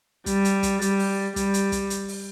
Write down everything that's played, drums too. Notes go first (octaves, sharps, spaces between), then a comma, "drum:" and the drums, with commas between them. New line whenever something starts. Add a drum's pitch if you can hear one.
G3, drum: kick, hi-hat
drum: hi-hat
drum: kick, hi-hat
G3, drum: hi-hat
drum: open hi-hat
G3, drum: kick, hi-hat
drum: hi-hat
drum: kick, hi-hat
drum: hi-hat
drum: open hi-hat